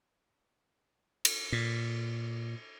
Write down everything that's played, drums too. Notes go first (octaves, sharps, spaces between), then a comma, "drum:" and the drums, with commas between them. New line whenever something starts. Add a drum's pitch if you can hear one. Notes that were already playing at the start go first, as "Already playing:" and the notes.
drum: cymbal
A#2